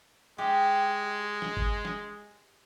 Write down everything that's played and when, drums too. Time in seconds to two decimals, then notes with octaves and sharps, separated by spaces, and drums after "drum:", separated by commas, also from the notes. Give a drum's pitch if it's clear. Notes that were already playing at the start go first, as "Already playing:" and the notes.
0.38 G#3 G4
1.42 drum: snare
1.57 drum: kick
1.85 drum: snare